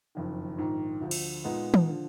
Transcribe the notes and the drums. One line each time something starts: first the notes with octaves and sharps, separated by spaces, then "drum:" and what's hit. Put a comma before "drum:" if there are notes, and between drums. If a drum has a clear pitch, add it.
F#1 F2 D#3
A#1 G#2 D#3
D2 D3 F3
drum: cymbal
A#2 G#3 B3 D#4
drum: tom
D3 F3